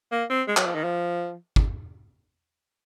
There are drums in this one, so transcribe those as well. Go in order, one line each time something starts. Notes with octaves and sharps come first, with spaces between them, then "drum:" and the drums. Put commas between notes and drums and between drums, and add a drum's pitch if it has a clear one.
A#3
C4
G#3
F#3, drum: clap
F3
D#3
F3
drum: kick